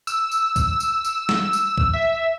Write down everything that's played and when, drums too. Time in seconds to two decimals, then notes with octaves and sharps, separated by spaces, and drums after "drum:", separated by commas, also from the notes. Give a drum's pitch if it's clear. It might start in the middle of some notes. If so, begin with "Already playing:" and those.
0.07 E6, drum: tambourine
0.32 drum: tambourine
0.56 drum: kick B1, tambourine
0.80 drum: tambourine
1.05 drum: tambourine
1.29 drum: snare
1.53 drum: tambourine
1.78 drum: kick B1
1.93 E5